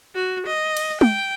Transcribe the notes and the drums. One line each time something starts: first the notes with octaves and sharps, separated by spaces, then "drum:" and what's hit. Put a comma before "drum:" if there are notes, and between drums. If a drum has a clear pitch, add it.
F#4
D#5
drum: cymbal
G5, drum: tom